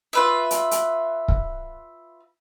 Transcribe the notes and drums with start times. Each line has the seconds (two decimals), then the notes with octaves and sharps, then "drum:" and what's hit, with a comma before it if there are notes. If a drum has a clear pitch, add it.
0.13 F4 B4 E5
0.51 drum: hi-hat
0.71 drum: hi-hat
1.28 drum: kick